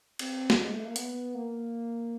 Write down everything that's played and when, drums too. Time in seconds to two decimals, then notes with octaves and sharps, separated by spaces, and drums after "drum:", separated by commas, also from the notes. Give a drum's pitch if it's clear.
0.19 C4, drum: cymbal
0.50 G3, drum: snare
0.61 G#3
0.73 A3
0.85 A#3
0.96 B3, drum: hi-hat
1.35 A#3